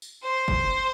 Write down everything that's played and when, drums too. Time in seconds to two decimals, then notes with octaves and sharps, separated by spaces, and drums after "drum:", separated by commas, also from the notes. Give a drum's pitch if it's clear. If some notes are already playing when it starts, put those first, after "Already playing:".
0.02 drum: tambourine
0.23 C5
0.48 drum: kick